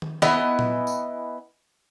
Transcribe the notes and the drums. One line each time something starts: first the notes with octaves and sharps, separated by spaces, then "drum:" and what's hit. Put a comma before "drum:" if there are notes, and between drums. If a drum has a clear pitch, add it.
drum: tom D#3
B3 E4 D#5 G#5, drum: snare
drum: tom A#2
drum: tambourine